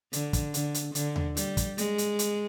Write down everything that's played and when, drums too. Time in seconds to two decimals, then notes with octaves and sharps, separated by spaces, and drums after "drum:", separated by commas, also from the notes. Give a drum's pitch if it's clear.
0.13 D3, drum: hi-hat
0.33 drum: kick, hi-hat
0.54 D3, drum: hi-hat
0.74 drum: hi-hat
0.95 D3, drum: hi-hat
1.16 drum: tom D#2
1.37 G3, drum: hi-hat
1.57 drum: kick, hi-hat
1.78 G#3, drum: hi-hat
1.98 drum: hi-hat
2.19 drum: hi-hat